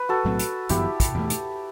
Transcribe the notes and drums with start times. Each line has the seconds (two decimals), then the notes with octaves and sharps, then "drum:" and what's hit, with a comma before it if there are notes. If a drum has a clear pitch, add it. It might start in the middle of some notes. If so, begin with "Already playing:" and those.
Already playing: B4
0.09 F#4 A4
0.25 B1 A2 F#3 C4
0.39 drum: hi-hat
0.69 G1 F#2 E3 B3 E4 G4, drum: hi-hat
1.00 drum: kick, hi-hat
1.14 E2 B2 A3
1.30 drum: hi-hat